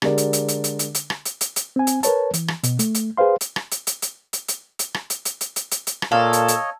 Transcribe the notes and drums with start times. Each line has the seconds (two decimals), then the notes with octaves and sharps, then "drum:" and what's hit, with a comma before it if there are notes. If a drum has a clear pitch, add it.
0.02 D3 G#3 G4 A#4 D5, drum: rim click
0.18 drum: hi-hat
0.33 drum: hi-hat
0.48 drum: hi-hat
0.64 drum: hi-hat
0.79 drum: hi-hat
0.95 drum: hi-hat
1.10 drum: rim click
1.25 drum: hi-hat
1.41 drum: hi-hat
1.56 drum: hi-hat
1.76 C4 G#5
1.87 drum: hi-hat
2.03 A#4 B4 C#5 A5, drum: hi-hat
2.34 E3, drum: hi-hat
2.48 drum: rim click
2.63 B2, drum: hi-hat
2.79 A3, drum: hi-hat
2.94 drum: hi-hat
3.17 G#4 B4 C5 F5 C6
3.41 drum: hi-hat
3.56 drum: rim click
3.71 drum: hi-hat
3.87 drum: hi-hat
4.02 drum: hi-hat
4.33 drum: hi-hat
4.48 drum: hi-hat
4.79 drum: hi-hat
4.94 drum: rim click
5.10 drum: hi-hat
5.25 drum: hi-hat
5.41 drum: hi-hat
5.56 drum: hi-hat
5.71 drum: hi-hat
5.87 drum: hi-hat
6.02 drum: rim click
6.12 A#2 A4 C#5 D#5 F5
6.33 drum: hi-hat
6.48 drum: hi-hat